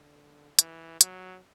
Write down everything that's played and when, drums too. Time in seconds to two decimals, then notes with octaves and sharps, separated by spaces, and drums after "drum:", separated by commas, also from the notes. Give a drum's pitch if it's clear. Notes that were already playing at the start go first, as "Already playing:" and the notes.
Already playing: D3
0.59 E3, drum: hi-hat
1.01 F#3, drum: hi-hat